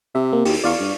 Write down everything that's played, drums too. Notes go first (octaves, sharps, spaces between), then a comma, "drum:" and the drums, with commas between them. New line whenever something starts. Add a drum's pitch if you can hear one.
C3 E5
A#3
D#2 G4, drum: open hi-hat
E2 D5 F5 C#6
G2